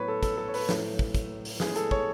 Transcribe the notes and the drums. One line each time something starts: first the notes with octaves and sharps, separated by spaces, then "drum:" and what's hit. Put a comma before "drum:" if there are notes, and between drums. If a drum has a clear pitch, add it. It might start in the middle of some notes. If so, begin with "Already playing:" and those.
Already playing: A2 F#3 B3 B4 C#5
A4
A4, drum: kick, hi-hat
A4
C#5
B4, drum: open hi-hat
A2 F#3 A3, drum: snare
drum: kick
drum: kick, hi-hat
drum: open hi-hat
A2 G#3 B3 G#4, drum: snare
A4, drum: hi-hat
C#5, drum: kick